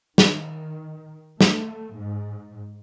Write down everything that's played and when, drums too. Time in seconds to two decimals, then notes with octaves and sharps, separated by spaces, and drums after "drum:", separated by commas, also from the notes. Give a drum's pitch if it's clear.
0.18 D#3, drum: snare
1.41 A3, drum: snare
1.94 G#2